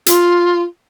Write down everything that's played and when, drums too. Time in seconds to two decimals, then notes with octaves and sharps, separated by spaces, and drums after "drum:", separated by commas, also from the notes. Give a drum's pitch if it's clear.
0.06 F4, drum: hi-hat